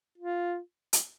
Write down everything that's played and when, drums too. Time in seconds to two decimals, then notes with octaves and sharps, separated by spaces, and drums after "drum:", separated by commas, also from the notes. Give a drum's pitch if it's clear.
0.18 F4
0.93 drum: hi-hat